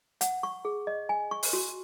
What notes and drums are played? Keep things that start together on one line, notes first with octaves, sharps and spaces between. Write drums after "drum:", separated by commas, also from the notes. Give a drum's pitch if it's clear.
F#5, drum: hi-hat
C#6
G#4
D#5
G#5
C#6
drum: open hi-hat
F#4